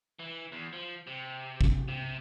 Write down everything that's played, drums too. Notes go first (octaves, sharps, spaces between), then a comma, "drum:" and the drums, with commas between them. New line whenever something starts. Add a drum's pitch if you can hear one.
E3
E2
F3
C3
drum: kick
C3